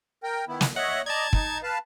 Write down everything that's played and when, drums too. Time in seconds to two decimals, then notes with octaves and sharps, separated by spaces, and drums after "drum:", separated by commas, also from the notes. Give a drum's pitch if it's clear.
0.23 A#4 G5
0.48 D#3 B3 E4
0.61 drum: snare
0.76 C#5 D#5 E5 F#5
1.06 D5 D#5 A5 A#5 G#6
1.33 D#4, drum: kick
1.63 B4 F5 A5